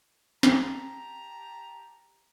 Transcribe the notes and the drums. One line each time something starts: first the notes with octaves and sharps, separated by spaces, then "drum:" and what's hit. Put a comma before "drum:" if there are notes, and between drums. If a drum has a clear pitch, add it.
G4 A5 A#5, drum: snare